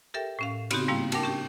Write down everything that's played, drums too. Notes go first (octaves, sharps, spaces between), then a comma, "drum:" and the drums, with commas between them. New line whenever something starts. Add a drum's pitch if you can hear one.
G4 A4 A#4 E5 G5
A2 C#4 F5
C#3 B3 C4 D#4 F#4 G4, drum: cymbal
G#2 G3 A#3 E4 F5
D4 A#4 F#5 G5 A5, drum: cymbal
C#4 G4 G5